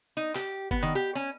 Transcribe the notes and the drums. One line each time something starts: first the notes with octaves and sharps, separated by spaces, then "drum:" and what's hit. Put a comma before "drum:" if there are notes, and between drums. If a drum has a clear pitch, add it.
D#4
G4, drum: clap
B3, drum: kick F#1
D#3
G4
C#4